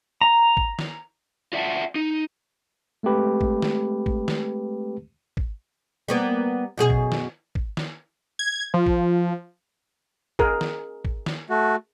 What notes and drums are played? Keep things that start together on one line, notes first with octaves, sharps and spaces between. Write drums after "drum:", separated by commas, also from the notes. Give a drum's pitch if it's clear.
A#5
drum: kick
drum: snare
F4 D5 E5 F#5 A5
D#4
G#3 A3 C4 G4 B4
drum: kick
drum: snare
drum: kick
drum: snare
drum: kick
G3 A#3 B3
F#2 B2 G#4
drum: kick
drum: snare
drum: kick
drum: snare
G#6
F3
drum: kick
G#4 A#4, drum: kick
drum: snare
drum: kick
drum: snare
A3 F#4